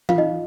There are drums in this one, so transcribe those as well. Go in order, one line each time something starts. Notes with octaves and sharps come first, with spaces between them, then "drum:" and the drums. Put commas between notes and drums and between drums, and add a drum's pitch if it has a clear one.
F4 F5, drum: tom E3
D#4 D#5